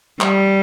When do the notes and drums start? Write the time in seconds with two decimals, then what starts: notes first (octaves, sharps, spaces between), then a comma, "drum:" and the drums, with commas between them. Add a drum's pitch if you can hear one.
0.21 G3, drum: clap